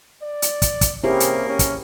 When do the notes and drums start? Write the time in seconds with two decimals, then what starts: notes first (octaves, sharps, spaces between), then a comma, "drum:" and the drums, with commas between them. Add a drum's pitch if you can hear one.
0.23 D5
0.42 drum: hi-hat
0.62 drum: kick, hi-hat
0.81 drum: kick, hi-hat
1.04 C3 A#3 C#4 E4 G4 G#4
1.20 drum: hi-hat
1.48 C#4
1.59 drum: kick, hi-hat